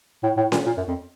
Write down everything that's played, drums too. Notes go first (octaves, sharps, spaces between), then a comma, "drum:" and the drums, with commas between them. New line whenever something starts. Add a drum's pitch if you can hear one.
A2
A2
A#2, drum: snare C#4
A#2
F#2
F2